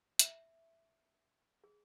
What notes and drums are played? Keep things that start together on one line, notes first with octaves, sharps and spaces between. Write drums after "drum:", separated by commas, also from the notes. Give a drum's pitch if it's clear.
E5, drum: hi-hat
G#4